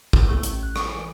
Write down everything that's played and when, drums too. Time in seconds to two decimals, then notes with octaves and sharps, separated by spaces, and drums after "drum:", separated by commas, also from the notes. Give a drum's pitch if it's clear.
0.13 C2, drum: kick
0.28 A3
0.43 A1, drum: hi-hat
0.63 F#6
0.76 C#6, drum: rim click
0.87 E3